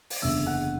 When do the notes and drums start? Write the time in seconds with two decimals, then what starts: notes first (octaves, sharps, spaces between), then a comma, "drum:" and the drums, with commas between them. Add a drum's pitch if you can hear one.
0.10 drum: open hi-hat
0.21 F#1 E2 D3 E5 E6
0.46 F#5 F#6